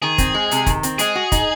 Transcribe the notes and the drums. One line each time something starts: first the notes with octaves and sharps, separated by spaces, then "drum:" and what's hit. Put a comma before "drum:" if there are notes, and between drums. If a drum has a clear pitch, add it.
D#3 G#4
C4, drum: kick, hi-hat
G#3
C3, drum: hi-hat
D#3, drum: kick, hi-hat
C4, drum: hi-hat
G#3 G#4, drum: hi-hat
F#4
D#4, drum: kick, hi-hat